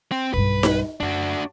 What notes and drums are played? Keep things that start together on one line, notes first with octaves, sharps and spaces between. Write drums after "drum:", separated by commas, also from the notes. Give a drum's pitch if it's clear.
C4
B1 G2 B4
drum: snare D#4
F#2 D4 F#4